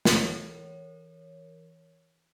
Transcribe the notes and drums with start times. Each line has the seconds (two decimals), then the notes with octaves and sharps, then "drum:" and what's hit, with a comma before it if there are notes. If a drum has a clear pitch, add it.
0.05 E3 A#4 C#5, drum: snare